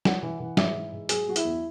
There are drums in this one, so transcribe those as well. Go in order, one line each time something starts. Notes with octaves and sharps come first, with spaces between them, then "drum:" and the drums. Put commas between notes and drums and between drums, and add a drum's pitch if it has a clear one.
E3 F#5, drum: snare
E3
E3
G#2 E5, drum: snare
E3
G#2
F#3 G#4, drum: hi-hat
F#3 F#4
E4, drum: hi-hat
E2